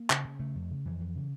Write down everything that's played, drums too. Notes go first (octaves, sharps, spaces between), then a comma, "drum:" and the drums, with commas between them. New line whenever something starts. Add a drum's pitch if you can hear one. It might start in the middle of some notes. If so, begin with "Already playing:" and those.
Already playing: A#3
C#3, drum: clap
C#3
C#3 A3
F2
C#3
F2 E3
F2
C#3